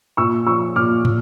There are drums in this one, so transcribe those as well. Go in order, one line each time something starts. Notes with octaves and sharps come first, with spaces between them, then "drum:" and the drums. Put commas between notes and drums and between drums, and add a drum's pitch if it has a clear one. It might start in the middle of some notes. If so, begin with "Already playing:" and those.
A#2 C#6 E6
F3 C#6 E6
A#2 D6 F6
A#2, drum: tom